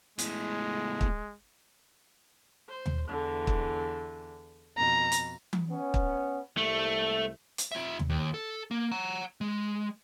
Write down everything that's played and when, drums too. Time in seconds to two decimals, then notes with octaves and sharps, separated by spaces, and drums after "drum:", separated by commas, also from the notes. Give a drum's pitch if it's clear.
0.18 E2 A2 G#3, drum: hi-hat
1.01 drum: kick
2.70 C5
2.86 drum: tom D#2
3.08 E2 D3 E3
3.47 drum: kick
4.78 F2 B2 A#5
5.12 drum: hi-hat
5.53 drum: tom E3
5.70 B3 C#4
5.94 drum: kick
6.57 C2 A3
7.58 drum: hi-hat
7.72 F4 E5
7.99 drum: tom D#2
8.10 D#2
8.34 A4
8.71 A#3
8.91 F#5 A#5
9.41 G#3